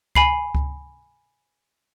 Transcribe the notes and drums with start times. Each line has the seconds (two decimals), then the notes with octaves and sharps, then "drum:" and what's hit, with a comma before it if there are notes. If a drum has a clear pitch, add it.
0.15 G#5 B5 C7, drum: kick C#2
0.55 drum: kick C#2